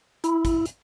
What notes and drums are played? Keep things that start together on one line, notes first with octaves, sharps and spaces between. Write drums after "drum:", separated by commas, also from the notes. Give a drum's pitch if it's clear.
E4, drum: hi-hat
drum: kick, hi-hat
drum: hi-hat